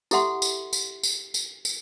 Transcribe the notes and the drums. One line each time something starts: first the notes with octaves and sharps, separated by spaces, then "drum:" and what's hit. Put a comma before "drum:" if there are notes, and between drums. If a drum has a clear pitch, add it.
E4 G4 A4 E5 F#5 C6, drum: tambourine
drum: tambourine
drum: tambourine
drum: tambourine
drum: tambourine
drum: tambourine